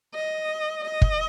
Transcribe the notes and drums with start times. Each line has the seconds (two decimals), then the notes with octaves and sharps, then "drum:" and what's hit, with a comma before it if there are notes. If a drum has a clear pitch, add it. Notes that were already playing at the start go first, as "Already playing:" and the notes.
0.14 D#5
0.84 D#5
1.02 drum: kick